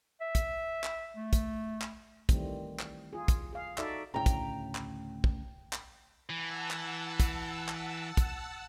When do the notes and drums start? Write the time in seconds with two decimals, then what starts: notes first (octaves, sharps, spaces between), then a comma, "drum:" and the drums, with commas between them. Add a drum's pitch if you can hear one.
0.21 E5
0.35 drum: kick, hi-hat
0.84 drum: clap
1.16 A3
1.33 drum: kick, hi-hat
1.82 drum: clap
2.29 D#3 E3 G3 A3 C4, drum: kick, hi-hat
2.79 drum: clap
3.13 F4 G#4
3.28 drum: kick, hi-hat
3.53 G#4 F5
3.78 D#4 F#4 A4 D5 E5, drum: clap
4.14 D2 A2 C#3 G5 A#5
4.26 drum: kick, hi-hat
4.75 drum: clap
5.24 drum: kick
5.73 drum: clap
6.30 E3 F#5 A5 E6
6.71 drum: clap
7.20 drum: kick, hi-hat
7.68 drum: clap
8.17 drum: kick, hi-hat